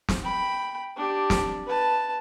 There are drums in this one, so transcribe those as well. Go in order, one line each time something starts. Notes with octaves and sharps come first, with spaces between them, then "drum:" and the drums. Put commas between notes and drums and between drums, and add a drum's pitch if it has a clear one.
drum: snare
G5 B5
D4 G4
drum: snare
B4 A5